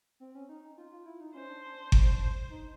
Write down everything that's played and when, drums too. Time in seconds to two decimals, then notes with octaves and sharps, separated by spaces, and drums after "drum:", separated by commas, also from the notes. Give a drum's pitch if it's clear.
0.20 C4
0.35 C#4
0.49 D#4
0.63 D#4
0.78 F4
0.92 F4
1.06 E4
1.20 D#4
1.35 C#4 C5
1.49 D4
1.64 D4
1.78 D4
1.92 drum: kick G1
2.50 D#4